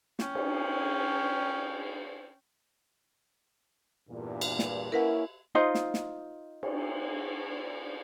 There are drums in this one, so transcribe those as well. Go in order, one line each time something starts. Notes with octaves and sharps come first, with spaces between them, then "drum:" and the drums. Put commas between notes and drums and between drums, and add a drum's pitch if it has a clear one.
C#4 G5, drum: snare
drum: cymbal
E2 G2 A#2
drum: cymbal
drum: snare
A#3 C#4 E4 A#4 B4 F#5
D#4 F4 C5 D#5
drum: snare
drum: snare
drum: cymbal